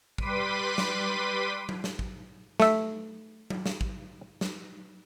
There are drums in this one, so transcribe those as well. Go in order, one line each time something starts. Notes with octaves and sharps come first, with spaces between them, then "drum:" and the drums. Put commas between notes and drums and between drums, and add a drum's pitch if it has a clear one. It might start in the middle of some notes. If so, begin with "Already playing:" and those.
G3 B4 C6 D6 B6 D#7, drum: kick
drum: snare
drum: tom F#3
drum: snare
drum: kick
A3 E5, drum: snare
drum: tom F#3
drum: snare
drum: kick
drum: snare